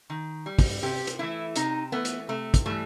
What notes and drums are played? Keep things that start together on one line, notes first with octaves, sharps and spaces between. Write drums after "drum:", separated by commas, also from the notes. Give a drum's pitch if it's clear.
D#3
G3
drum: kick, open hi-hat
C3 G4
drum: hi-hat
E3 A3 E4
C3 D#4, drum: hi-hat
E3 A3 B3
drum: hi-hat
C3 A3
drum: kick, hi-hat
E3 G3 A3